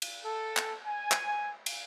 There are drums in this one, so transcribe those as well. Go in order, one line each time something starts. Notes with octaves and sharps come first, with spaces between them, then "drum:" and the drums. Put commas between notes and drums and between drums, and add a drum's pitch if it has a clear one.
drum: cymbal
A4
drum: clap
G#5
drum: clap
drum: cymbal